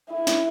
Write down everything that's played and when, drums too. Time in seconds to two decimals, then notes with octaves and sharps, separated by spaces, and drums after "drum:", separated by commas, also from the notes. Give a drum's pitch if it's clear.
0.12 E4
0.27 drum: snare